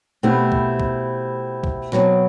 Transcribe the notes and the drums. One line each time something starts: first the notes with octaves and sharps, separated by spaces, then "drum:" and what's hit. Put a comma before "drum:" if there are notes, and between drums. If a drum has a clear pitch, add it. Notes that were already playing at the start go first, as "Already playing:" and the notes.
B2 A3 C4 E4 G4
drum: kick
drum: kick
drum: kick
B2 F#3 C4, drum: snare